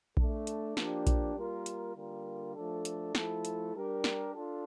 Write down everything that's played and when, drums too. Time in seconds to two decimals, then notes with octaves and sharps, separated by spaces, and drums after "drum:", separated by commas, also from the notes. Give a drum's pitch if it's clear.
0.17 A3 D4 A4, drum: kick A#1
0.47 drum: hi-hat
0.77 F3 A#3 D4 G4, drum: snare
1.07 drum: kick A#1, hi-hat
1.36 G3 A#3 F4 A#4
1.66 drum: hi-hat
1.96 D3 G3 A#3 F4 A#4
2.55 F3 A3 D4 A4
2.85 drum: hi-hat
3.15 F3 A3 E4 A4, drum: snare
3.45 drum: hi-hat
3.75 G3 D4 G4 A#4
4.04 drum: snare
4.33 D4 F4 A4